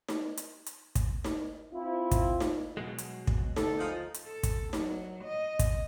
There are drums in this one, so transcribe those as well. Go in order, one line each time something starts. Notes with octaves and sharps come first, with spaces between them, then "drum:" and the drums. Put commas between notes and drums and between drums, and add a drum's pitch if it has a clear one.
drum: snare D#4
drum: hi-hat
drum: hi-hat
drum: kick, hi-hat
drum: snare D#4
C4 E4 F4
drum: kick, hi-hat
drum: snare D#4
B2 F#3 G#3
drum: hi-hat
drum: kick
D2 A4, drum: snare D#4
F3 G#3 D#4
drum: hi-hat
A4
drum: kick, hi-hat
F#3, drum: snare D#4
D#5
drum: kick, hi-hat